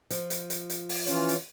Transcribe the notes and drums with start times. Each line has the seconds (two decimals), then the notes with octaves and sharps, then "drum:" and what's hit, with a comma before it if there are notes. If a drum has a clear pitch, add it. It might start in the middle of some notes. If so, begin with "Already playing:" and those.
0.10 F3, drum: hi-hat
0.30 drum: hi-hat
0.50 drum: hi-hat
0.70 drum: hi-hat
0.89 drum: open hi-hat
1.07 E3 C#4 F4, drum: hi-hat
1.29 drum: hi-hat